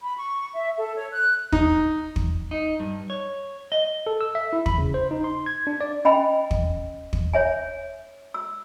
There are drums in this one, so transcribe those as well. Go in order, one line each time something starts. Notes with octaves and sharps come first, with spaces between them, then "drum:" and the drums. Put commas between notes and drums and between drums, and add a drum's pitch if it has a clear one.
B5
C#6
E5
A4
C#5
F#6
D#4, drum: kick
drum: kick
D#4
G2
C#5
D#5
A4
E6
E5
E4
B5, drum: kick
C#3
C5
D#4
C6
G#6
D4
D5
C#4 D#5 G5 G#5 B5
drum: kick
drum: kick
C#5 E5 G#5
E6